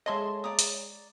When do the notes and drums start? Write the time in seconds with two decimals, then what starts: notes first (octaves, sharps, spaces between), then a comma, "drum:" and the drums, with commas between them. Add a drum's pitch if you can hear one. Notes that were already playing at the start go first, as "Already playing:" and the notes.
0.06 G#3 G#4 A4 C5 C#5 D#5 E5 C6
0.44 D5 A#5 D#6
0.59 drum: hi-hat